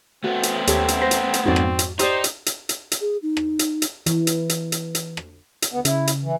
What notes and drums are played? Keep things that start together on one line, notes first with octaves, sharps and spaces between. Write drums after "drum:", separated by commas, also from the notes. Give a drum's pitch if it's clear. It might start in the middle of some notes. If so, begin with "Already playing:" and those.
A3 B3 C4 F#4
drum: hi-hat
D#2 G4 A4 C#5, drum: hi-hat
drum: hi-hat
C5 A#6
drum: hi-hat
drum: hi-hat
F2 G#2 C4 F#4 D5
drum: rim click
drum: hi-hat
D#4 G4 C5 D5 A#5 D#6, drum: hi-hat
drum: hi-hat
drum: hi-hat
drum: hi-hat
drum: hi-hat
G#4
D#4
drum: rim click
drum: hi-hat
drum: hi-hat
E3, drum: hi-hat
drum: hi-hat
drum: hi-hat
drum: hi-hat
drum: hi-hat
drum: rim click
drum: hi-hat
D2 B3
C#3 E4, drum: hi-hat
drum: hi-hat
E3